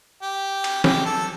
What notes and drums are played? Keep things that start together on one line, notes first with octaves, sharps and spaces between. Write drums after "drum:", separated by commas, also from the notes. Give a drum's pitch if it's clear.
G4
drum: cymbal
G4, drum: snare
A4